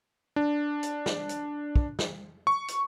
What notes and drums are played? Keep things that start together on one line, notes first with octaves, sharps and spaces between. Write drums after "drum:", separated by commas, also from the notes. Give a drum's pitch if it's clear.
D4
drum: hi-hat
drum: snare
drum: hi-hat
drum: kick
drum: snare
C#6
drum: hi-hat